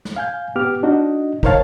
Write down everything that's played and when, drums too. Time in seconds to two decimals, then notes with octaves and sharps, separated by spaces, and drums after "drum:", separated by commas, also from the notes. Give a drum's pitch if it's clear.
0.05 drum: snare
0.16 F5 G#5 G6
0.56 B3 G4 D6 F6
0.83 D4 D#4 F#4 D#5
1.43 D#4 A#4 C5 C#5 F5 A5, drum: kick